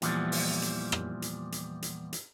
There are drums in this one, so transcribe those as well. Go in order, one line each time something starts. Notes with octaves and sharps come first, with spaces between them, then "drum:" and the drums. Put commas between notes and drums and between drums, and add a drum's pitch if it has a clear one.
E2 A#2 E3 F3 G3, drum: hi-hat
drum: open hi-hat
drum: hi-hat
drum: rim click
drum: hi-hat
drum: hi-hat
drum: hi-hat
drum: hi-hat